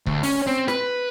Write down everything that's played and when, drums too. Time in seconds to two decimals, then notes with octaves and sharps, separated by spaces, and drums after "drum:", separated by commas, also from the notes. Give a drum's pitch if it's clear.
0.06 D2, drum: kick C#1
0.23 C#4, drum: open hi-hat
0.47 C4
0.68 B4, drum: snare